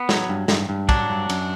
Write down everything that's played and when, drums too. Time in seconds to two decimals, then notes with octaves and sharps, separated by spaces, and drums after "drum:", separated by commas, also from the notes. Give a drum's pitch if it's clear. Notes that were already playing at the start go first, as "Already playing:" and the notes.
Already playing: B3
0.09 F#3, drum: snare
0.29 G2
0.48 G2, drum: snare
0.69 G2
0.89 F#3 D4, drum: kick, cymbal
1.10 G2
1.29 F#2, drum: cymbal